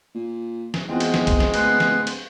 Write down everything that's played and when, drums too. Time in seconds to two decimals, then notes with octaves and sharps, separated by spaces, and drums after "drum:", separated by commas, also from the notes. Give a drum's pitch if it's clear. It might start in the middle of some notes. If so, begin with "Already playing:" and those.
0.14 A#2
0.74 drum: snare
0.89 E2 G#3 C4 F4 F#4
1.00 drum: cymbal
1.14 drum: snare
1.27 drum: kick, cymbal
1.40 drum: snare
1.54 D1 B3 B4 C6, drum: cymbal
1.80 drum: snare
2.07 drum: cymbal